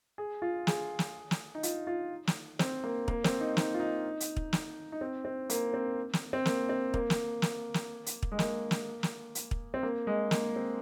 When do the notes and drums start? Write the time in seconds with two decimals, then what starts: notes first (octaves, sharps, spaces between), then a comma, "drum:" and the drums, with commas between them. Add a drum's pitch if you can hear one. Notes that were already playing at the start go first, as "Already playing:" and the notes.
0.18 G#4
0.42 F4
0.67 G#4, drum: snare
0.99 drum: snare
1.31 drum: snare
1.55 D#4
1.63 F4, drum: hi-hat
1.87 F4
2.27 drum: snare
2.59 C4, drum: snare
2.84 A#3
3.08 A#3, drum: kick
3.24 C4, drum: snare
3.41 D#4
3.57 D#4, drum: snare
3.74 F4
3.80 D#4
4.20 drum: hi-hat
4.37 drum: kick
4.53 drum: snare
4.92 D#4
5.01 C4
5.25 C4
5.50 A#3, drum: hi-hat
5.74 C4
6.13 drum: snare
6.33 C4
6.46 A#3, drum: snare
6.69 C4
6.94 A#3, drum: kick
7.10 drum: snare
7.42 drum: snare
7.74 drum: snare
8.06 drum: hi-hat
8.23 drum: kick
8.32 G#3
8.39 A#3, drum: snare
8.71 drum: snare
9.03 drum: snare
9.35 drum: hi-hat
9.51 drum: kick
9.74 C4
9.83 A#3
10.07 G#3
10.31 A#3, drum: snare
10.56 C4